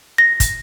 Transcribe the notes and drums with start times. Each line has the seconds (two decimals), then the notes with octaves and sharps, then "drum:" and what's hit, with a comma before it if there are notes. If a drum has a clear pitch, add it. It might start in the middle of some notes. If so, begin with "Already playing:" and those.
0.18 A#6
0.40 drum: kick, hi-hat